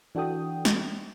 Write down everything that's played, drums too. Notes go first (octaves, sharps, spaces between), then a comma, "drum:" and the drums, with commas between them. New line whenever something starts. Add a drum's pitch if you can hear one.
E3 D4 F#4 A4 G5 D#6
drum: snare